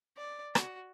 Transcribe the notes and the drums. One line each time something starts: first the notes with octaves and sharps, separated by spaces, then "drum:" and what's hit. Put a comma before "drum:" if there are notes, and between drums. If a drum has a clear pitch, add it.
D5
F#4, drum: rim click